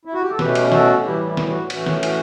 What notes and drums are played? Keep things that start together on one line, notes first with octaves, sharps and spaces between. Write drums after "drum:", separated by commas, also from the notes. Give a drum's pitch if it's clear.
E4
F#4
G4
A4
B2 A3 C#4 G4 B4, drum: snare
drum: cymbal
F#4 A4, drum: snare
A2 E3 G3 E4 G4
E4
drum: snare
F#4
A2 E3 A3 C#4 F#4, drum: cymbal
drum: snare
F#4, drum: cymbal